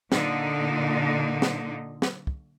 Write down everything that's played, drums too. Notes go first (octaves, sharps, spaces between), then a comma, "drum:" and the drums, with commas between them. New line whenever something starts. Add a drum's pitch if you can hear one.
A#2 D3 D#4, drum: snare
drum: snare
drum: snare
drum: kick